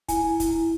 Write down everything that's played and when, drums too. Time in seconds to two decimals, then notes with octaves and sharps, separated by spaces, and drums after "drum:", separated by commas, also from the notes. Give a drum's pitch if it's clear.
0.08 E4 G#5, drum: kick, hi-hat
0.24 E4
0.40 E4, drum: kick, hi-hat
0.55 E4